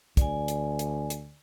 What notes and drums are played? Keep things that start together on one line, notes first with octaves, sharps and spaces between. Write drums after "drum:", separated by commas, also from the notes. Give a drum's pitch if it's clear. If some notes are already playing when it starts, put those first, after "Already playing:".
D2 D5 G#5, drum: kick, hi-hat
drum: hi-hat
drum: hi-hat
drum: hi-hat